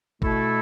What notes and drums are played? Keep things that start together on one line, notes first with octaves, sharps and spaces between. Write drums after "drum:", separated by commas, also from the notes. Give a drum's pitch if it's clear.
B2 A3 E4 A4, drum: kick G#1